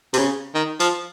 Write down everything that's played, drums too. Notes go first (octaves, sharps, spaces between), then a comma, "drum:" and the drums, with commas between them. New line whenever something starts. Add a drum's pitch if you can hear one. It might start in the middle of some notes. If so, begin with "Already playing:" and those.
C3, drum: open hi-hat
C#3
D#3
F3, drum: open hi-hat